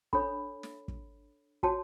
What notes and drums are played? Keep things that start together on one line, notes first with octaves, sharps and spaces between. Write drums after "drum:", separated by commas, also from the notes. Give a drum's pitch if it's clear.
D4 A4 C#5 B5, drum: kick
drum: snare
drum: kick
F#4 C#5 A5, drum: kick